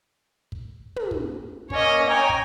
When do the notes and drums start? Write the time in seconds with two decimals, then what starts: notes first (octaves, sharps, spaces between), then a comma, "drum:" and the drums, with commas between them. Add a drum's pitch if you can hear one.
0.52 drum: kick
0.96 drum: tom
1.11 drum: kick
1.70 A#3 C#4 C#5 D#5, drum: kick
2.10 C#5 G5 G#5 A#5
2.29 drum: kick